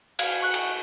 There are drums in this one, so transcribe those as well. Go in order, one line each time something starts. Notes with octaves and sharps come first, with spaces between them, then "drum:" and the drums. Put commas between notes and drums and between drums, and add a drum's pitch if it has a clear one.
F5 G#6, drum: cymbal
C#6 F#6
drum: cymbal